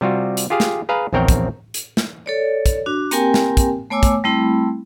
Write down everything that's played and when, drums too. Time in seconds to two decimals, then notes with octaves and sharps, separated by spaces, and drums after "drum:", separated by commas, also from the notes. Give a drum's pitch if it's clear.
0.01 C3 G3 F4 F#4
0.37 drum: hi-hat
0.50 F4 G4 G#4 F5
0.60 drum: snare
0.89 G#4 B4 F5 A#5
1.13 A#1 E2 C4 A#4 C#5 G5
1.28 drum: kick, hi-hat
1.74 drum: hi-hat
1.97 drum: snare
2.26 A4 C#5 D5
2.66 drum: kick, hi-hat
2.86 D4 F#4
3.11 A#3 C4 G4 A#4 G5 G#5, drum: hi-hat
3.34 drum: snare
3.57 drum: kick, hi-hat
3.90 A3 B3 C#5 G#5 D6 E6
4.03 drum: kick, hi-hat
4.24 G3 A3 C4 E4 B5